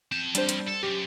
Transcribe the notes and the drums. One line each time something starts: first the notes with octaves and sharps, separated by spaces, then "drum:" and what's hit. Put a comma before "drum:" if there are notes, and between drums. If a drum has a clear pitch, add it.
C4 A5 G6
G3 D4 C5, drum: hi-hat
drum: hi-hat
A4
F#2 G4